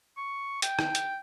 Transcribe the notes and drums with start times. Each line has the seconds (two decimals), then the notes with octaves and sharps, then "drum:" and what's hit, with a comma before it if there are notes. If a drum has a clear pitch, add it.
0.17 C#6
0.62 G5, drum: hi-hat
0.79 drum: rim click
0.95 drum: hi-hat